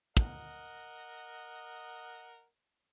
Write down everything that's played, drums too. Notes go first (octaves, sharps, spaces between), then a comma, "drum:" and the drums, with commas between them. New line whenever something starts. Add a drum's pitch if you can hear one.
A#4 D#5 F#5, drum: kick